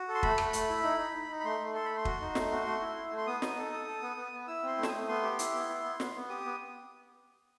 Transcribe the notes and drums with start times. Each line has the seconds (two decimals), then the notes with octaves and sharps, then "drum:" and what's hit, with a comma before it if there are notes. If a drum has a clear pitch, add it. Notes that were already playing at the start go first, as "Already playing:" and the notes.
Already playing: F#4
0.08 A4
0.15 C6
0.23 A3 B5, drum: kick
0.38 A3, drum: rim click
0.53 A3, drum: hi-hat
0.69 E4
0.84 D#4
0.99 D#4
1.14 D#4
1.29 D#4
1.40 B5
1.44 A3 C6
1.60 A3
1.74 A4 C6
1.86 A3 B5
1.97 C6
2.05 F#4, drum: kick
2.21 D#4
2.35 A3, drum: snare
2.51 F#4
2.66 A3
2.81 E4
2.96 E4
3.11 A3
3.18 C6
3.27 B3 D#6
3.42 D#4, drum: snare
3.57 A4
3.72 A4
3.87 A4
4.02 B3
4.17 B3
4.33 B3
4.47 E4 E6
4.63 C4 C6
4.78 A3
4.83 E6, drum: snare
4.88 A3 D#6
5.08 B3 C6
5.23 G4
5.39 E4, drum: hi-hat
5.54 B3
5.69 E4
5.84 B3
6.00 B3, drum: snare
6.15 B3
6.29 G4 D#6
6.44 B3